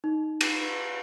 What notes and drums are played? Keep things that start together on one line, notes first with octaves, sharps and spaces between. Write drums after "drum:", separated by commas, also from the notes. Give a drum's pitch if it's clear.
D#4
drum: cymbal